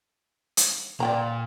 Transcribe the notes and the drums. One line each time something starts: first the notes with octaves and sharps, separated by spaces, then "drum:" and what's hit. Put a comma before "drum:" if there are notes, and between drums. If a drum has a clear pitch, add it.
drum: hi-hat
A#2 D5 G5 A#5